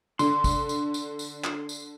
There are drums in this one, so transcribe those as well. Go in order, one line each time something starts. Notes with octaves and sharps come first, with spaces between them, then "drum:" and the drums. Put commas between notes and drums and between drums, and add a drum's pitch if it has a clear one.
D3 C6, drum: tambourine
drum: kick, tambourine
drum: tambourine
drum: tambourine
drum: tambourine
drum: clap
drum: tambourine